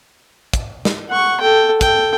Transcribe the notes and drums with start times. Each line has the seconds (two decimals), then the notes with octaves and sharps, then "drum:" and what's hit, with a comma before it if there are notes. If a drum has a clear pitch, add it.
0.53 drum: kick, hi-hat
0.85 drum: snare
1.09 F#5 C#6
1.41 A4 G5
1.81 A4 G5, drum: kick, hi-hat